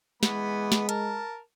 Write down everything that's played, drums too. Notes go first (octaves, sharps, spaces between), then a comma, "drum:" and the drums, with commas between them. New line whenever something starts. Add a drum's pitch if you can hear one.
E3 G#3 B3 B5, drum: snare
drum: snare
A#4 A5, drum: hi-hat